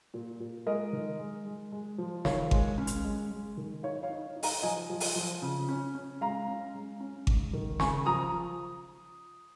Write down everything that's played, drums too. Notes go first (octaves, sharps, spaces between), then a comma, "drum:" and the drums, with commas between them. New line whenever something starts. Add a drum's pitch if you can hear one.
A#2
A#2
G#3 A#4 D#5
D#3
G#3
G#3
G#3
F3
D#3 C#5 F5, drum: snare
G#3, drum: kick G#1
C#4
drum: hi-hat
G#3
G#3
D#3
D#4 C#5 F5
C#5 F5
D#4
D#4
F5 A#5, drum: open hi-hat
F3 D#5 G#5
F3
drum: open hi-hat
F3
C#3
C#4
C#4
G#3 F5 A#5
C#4
G#3
C#4
G#2, drum: kick G#1
D#3
C#3 G#5 C#6, drum: snare
F3 A#5 D#6